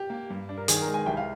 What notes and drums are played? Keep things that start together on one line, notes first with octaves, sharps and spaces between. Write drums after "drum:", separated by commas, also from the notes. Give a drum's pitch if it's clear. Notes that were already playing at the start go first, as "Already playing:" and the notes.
Already playing: G4
A#3
G2
D4
A#4
D#3 G#4, drum: hi-hat
A#4
G#3
G#5
C2 G5
F5